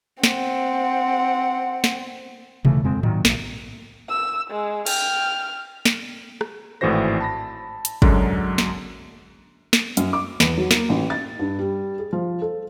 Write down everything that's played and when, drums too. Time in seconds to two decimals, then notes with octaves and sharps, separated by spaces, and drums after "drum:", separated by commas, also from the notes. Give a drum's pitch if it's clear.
0.24 C4 F#5, drum: snare
1.84 drum: snare
2.65 D#1 C#3 E3 A3, drum: tom B2
2.84 F2 G#3 C4
3.03 A#2 D#3 F#3, drum: tom G#2
3.25 A#1, drum: snare
4.09 E6
4.51 G#3
4.86 G5 F6, drum: cymbal
5.85 drum: snare
6.41 drum: rim click
6.81 G#1 A2 E3 F#4 C5 A#6
7.21 A5 B5 A#6
7.85 drum: hi-hat
8.02 F#2 D3 F#3 G#3, drum: kick
8.58 drum: snare
9.73 drum: snare
9.97 F#2, drum: hi-hat
10.13 D6
10.40 E2, drum: snare
10.58 F#3
10.71 A#3, drum: snare
10.89 A1
11.10 A6
11.39 G2
11.59 G3
11.99 G#4
12.13 F3
12.42 A4